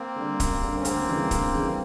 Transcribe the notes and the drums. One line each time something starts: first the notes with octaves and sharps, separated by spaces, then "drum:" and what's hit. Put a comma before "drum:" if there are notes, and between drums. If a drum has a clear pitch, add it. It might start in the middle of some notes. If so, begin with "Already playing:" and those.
Already playing: A#3 C4
D3 G3
F#2, drum: kick, hi-hat
D3 G3
C#4
D2 A#3 C4, drum: hi-hat
C#3 E3 G3
D2, drum: kick, hi-hat
C#3 E3 G3